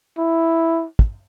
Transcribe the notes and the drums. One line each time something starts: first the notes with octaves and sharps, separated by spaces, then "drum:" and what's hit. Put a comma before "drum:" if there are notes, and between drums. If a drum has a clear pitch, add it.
E4
drum: kick